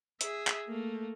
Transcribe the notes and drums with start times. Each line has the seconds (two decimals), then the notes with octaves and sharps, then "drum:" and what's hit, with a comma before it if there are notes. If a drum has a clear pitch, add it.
0.21 G#4 E5, drum: hi-hat
0.47 drum: clap
0.67 A3 A#3